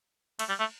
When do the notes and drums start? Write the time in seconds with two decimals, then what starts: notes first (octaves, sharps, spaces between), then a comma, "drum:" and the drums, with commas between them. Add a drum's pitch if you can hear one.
0.39 A3, drum: cymbal
0.49 G3
0.60 A3